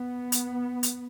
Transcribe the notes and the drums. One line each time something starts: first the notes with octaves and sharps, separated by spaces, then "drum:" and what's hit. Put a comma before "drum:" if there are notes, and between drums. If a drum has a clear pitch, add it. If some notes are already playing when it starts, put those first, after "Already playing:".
Already playing: B3
drum: hi-hat
drum: hi-hat